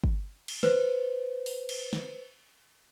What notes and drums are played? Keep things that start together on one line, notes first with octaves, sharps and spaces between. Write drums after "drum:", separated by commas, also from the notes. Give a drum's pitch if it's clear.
drum: kick
drum: cymbal
B4 C5, drum: snare
drum: open hi-hat
drum: cymbal
drum: snare